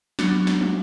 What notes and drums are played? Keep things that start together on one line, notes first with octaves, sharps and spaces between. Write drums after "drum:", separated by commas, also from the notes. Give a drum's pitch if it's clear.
F#3 B3 D4 F#4, drum: snare
drum: snare
drum: tom